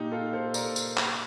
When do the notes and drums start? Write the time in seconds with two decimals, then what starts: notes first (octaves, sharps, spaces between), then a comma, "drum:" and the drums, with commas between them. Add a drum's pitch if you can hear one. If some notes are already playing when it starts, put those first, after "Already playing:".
Already playing: A#2 D#4 G4
0.12 F4 A4
0.33 A4 C5
0.54 A#4 D5, drum: tambourine
0.64 A4
0.76 drum: tambourine
0.97 drum: clap